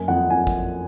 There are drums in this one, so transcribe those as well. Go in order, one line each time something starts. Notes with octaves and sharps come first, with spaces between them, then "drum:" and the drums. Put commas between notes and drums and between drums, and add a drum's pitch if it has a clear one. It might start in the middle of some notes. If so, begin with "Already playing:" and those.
Already playing: F#2 A#3 G#5
F2 F#5
F2 G#5
drum: kick